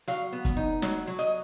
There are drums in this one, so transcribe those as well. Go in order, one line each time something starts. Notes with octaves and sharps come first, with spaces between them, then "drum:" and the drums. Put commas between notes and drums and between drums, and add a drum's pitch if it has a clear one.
F#3 F5, drum: hi-hat
B3
drum: kick, hi-hat
D#4
F#3, drum: snare
F#3
D#5, drum: hi-hat